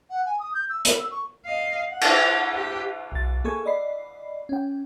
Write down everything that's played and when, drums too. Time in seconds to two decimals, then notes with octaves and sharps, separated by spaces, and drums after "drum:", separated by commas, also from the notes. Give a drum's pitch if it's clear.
0.09 F#5
0.25 G#5
0.39 D#6
0.54 G6
0.69 E6
0.85 B5, drum: hi-hat
0.99 E6
1.10 C#6
1.46 D#5 F5
1.89 F#5
2.01 drum: cymbal
2.54 G4
3.12 B1 A6
3.44 A#3 G#4 A4 C#6 G#6
3.66 D5 D#5 B5 C7
4.49 C#4 G5